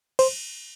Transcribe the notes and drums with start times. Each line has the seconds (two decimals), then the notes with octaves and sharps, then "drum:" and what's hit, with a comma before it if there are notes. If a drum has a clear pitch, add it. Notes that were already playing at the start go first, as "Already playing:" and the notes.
0.19 C5, drum: cymbal